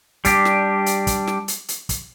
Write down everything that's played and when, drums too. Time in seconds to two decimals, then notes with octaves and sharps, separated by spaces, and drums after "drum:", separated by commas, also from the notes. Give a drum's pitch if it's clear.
0.25 G3 D4 G4, drum: kick, hi-hat
0.45 drum: snare
0.86 drum: hi-hat
1.07 drum: kick, hi-hat
1.27 drum: snare
1.48 drum: hi-hat
1.68 drum: hi-hat
1.89 drum: kick, hi-hat